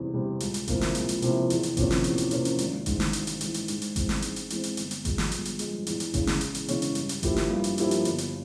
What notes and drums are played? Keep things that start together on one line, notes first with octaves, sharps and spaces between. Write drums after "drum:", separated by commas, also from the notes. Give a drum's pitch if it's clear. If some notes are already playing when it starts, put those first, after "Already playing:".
Already playing: E2 C3 G3 C4
C3 G3 C4
C#2, drum: hi-hat
drum: hi-hat
C3 F3 A#3 E4, drum: kick G#1, hi-hat
drum: snare
C#2, drum: hi-hat
drum: hi-hat
C3 F3 A#3 E4, drum: hi-hat
E2, drum: hi-hat
drum: hi-hat
C3 F3 A#3 C#4, drum: kick G#1, hi-hat
drum: snare
E2, drum: hi-hat
drum: hi-hat
C3 F3 A#3 C#4, drum: hi-hat
drum: hi-hat
G#1, drum: hi-hat
G#2 E3, drum: kick G#1, hi-hat
drum: snare
G#1, drum: hi-hat
drum: hi-hat
G#2 E3, drum: hi-hat
drum: hi-hat
G#2, drum: hi-hat
drum: hi-hat
E3 G#3 C4, drum: kick G#1, hi-hat
drum: snare
G#2, drum: hi-hat
drum: hi-hat
E3 G#3 C4, drum: hi-hat
drum: hi-hat
G1, drum: hi-hat
drum: hi-hat
G2 F3 G#3, drum: kick G#1, hi-hat
drum: snare
G1, drum: hi-hat
drum: hi-hat
G2 F3 G#3, drum: hi-hat
E2, drum: hi-hat
drum: hi-hat
C#3 E3 G#3 C#4, drum: kick G#1, hi-hat
drum: snare
E2, drum: hi-hat
drum: hi-hat
C#3 E3 G#3 C#4, drum: hi-hat
drum: hi-hat
G2, drum: hi-hat
drum: hi-hat
F3 A#3 E4 G4, drum: kick G#1, hi-hat
drum: snare
G2
drum: hi-hat
F3 A#3 E4 G4, drum: hi-hat
drum: hi-hat
G1, drum: hi-hat
drum: hi-hat